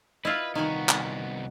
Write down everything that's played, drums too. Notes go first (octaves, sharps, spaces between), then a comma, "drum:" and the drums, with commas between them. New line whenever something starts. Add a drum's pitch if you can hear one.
E4 F4 B4 D#5
C2 D#3 B3 D#4 F#4 G#5
drum: clap